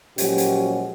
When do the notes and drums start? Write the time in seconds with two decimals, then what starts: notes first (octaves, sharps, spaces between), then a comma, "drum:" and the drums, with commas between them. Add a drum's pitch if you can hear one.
0.18 A#2 F3 F#3 G#3 C#4 G4, drum: hi-hat
0.38 drum: hi-hat